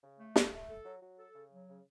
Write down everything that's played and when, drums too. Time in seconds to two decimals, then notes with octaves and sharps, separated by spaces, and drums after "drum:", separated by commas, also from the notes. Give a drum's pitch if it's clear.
0.03 C#3
0.19 A3
0.36 A3, drum: snare
0.52 A3
0.69 A4
0.85 F#3
1.02 F#3
1.18 A4
1.35 C#3
1.51 F#3
1.69 C#3